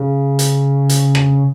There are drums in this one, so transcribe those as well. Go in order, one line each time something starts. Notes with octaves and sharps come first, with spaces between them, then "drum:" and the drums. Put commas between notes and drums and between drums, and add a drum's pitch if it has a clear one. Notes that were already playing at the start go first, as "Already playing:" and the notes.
Already playing: C#3
drum: hi-hat
drum: hi-hat
drum: rim click